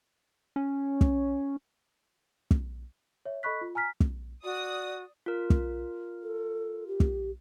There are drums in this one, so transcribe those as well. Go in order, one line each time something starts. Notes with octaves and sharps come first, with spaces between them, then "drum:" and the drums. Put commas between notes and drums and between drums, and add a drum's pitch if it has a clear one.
C#4
drum: kick
drum: kick
C#5 E5
A4 D#5 B5 C#6 F#6 B6
F4
G#5 A#5 F6 B6
drum: kick
F#4 D5 D#6
F4 A#4
drum: kick
A4
G4
drum: kick